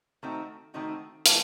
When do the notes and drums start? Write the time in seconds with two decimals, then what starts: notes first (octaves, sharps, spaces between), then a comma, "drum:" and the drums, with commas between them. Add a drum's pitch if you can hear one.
0.23 D#3 A3 C4 D#4 F#4
0.74 D#3 A3 C4 D#4 F#4
1.26 E3 A3, drum: hi-hat